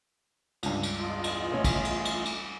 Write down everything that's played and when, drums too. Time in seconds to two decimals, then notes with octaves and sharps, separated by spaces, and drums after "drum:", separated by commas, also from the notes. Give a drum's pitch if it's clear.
0.63 C#2 G2, drum: cymbal
0.83 drum: cymbal
0.99 E2 F4 D#5
1.24 drum: cymbal
1.52 A3 C#4
1.64 drum: kick, cymbal
1.85 drum: cymbal
2.05 drum: cymbal
2.25 drum: cymbal